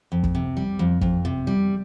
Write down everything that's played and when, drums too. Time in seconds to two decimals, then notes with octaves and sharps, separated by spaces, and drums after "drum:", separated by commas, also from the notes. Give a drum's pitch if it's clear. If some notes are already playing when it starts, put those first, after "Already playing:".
0.12 F2
0.23 drum: kick
0.35 C3
0.57 G3
0.79 F2
1.01 F2, drum: kick
1.25 C3
1.47 G3